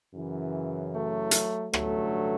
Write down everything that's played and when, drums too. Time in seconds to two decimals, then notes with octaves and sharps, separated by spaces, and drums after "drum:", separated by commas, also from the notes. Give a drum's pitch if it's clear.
0.13 F#2 C#3 E3
0.93 F#3 A3
1.31 drum: hi-hat
1.73 A1 G2 D3 F#3 A3, drum: rim click